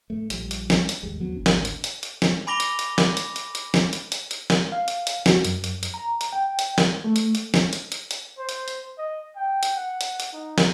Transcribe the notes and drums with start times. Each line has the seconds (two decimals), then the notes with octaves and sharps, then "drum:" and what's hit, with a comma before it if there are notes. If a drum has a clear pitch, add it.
0.10 A2 A3
0.30 A#1 F3 G3, drum: hi-hat
0.51 drum: hi-hat
0.70 drum: snare
0.89 drum: hi-hat
1.03 D#2 G#2 G3 G#3
1.19 D#2 F3 F#3 B3
1.36 D1 G#1 D4
1.46 drum: snare
1.65 drum: hi-hat
1.84 drum: hi-hat
2.03 drum: hi-hat
2.22 drum: snare
2.47 G#5 B5 D6 A#6 F7 G7
2.60 drum: hi-hat
2.79 drum: hi-hat
2.98 drum: snare
3.17 drum: hi-hat
3.36 drum: hi-hat
3.55 drum: hi-hat
3.74 drum: snare
3.93 drum: hi-hat
4.12 drum: hi-hat
4.31 drum: hi-hat
4.50 drum: snare
4.72 F5
4.88 drum: hi-hat
5.07 drum: hi-hat
5.26 F#4, drum: snare
5.45 F#2, drum: hi-hat
5.64 drum: hi-hat
5.83 drum: hi-hat
5.94 A#5
6.21 drum: hi-hat
6.33 G5
6.59 drum: hi-hat
6.78 drum: snare
7.04 A3
7.16 drum: hi-hat
7.35 drum: hi-hat
7.54 drum: snare
7.73 drum: hi-hat
7.92 drum: hi-hat
8.11 drum: hi-hat
8.38 C5
8.49 drum: hi-hat
8.68 drum: hi-hat
8.98 D#5
9.36 G5
9.63 drum: hi-hat
9.76 F#5
10.01 drum: hi-hat
10.20 drum: hi-hat
10.33 D#4
10.58 drum: snare